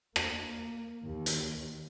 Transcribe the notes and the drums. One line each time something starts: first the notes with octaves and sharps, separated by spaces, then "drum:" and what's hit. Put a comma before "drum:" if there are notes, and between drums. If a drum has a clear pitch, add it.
A#3, drum: rim click
D#2
drum: hi-hat